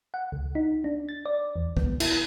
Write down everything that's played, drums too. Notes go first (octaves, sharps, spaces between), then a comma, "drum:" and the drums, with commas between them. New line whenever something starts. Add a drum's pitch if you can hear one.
F#5
C#2
D#4
D4
A6
D5
E2
B3, drum: kick
E4, drum: cymbal